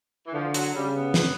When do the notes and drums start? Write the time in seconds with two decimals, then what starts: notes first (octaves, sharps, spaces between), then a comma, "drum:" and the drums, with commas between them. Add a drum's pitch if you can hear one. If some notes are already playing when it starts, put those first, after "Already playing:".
0.27 E3
0.33 D3 F3
0.54 F#3, drum: hi-hat
0.75 C#3 G3
0.96 B3
1.14 drum: snare